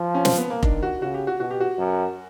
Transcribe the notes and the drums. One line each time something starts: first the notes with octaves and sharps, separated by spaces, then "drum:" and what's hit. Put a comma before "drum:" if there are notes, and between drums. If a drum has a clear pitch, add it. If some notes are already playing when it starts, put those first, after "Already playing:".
Already playing: F3
C#4
C4, drum: snare
B3
A#3
D#3 D4, drum: kick F1
F#4
C#3 F#4
G4
F#4
B2 F#4
G4
F#4
F#2